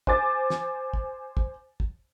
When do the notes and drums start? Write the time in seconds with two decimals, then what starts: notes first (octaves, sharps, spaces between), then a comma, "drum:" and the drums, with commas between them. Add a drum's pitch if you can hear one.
0.07 C5 G#5 D6 A6, drum: kick
0.50 drum: snare
0.93 drum: kick
1.37 drum: kick
1.80 drum: kick